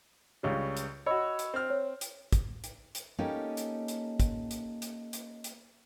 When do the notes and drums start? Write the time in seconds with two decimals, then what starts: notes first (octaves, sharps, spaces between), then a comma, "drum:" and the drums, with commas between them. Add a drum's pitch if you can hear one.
0.43 C#2 C#3 G3 C#5
0.77 drum: hi-hat
1.06 F#4 C#5 D#5 B5 E6
1.39 drum: hi-hat
1.54 C4 F6
1.70 C#5
2.01 drum: hi-hat
2.32 drum: kick, hi-hat
2.64 drum: hi-hat
2.95 drum: hi-hat
3.18 A#3 C#4 D#4 G4 A4 G#5
3.57 drum: hi-hat
3.88 drum: hi-hat
4.20 drum: kick, hi-hat
4.51 drum: hi-hat
4.82 drum: hi-hat
5.13 drum: hi-hat
5.44 drum: hi-hat